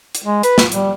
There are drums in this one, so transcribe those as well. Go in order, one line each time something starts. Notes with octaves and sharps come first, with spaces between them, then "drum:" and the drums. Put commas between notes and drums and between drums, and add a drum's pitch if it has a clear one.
drum: hi-hat
G#3
B4, drum: hi-hat
drum: snare
G3, drum: hi-hat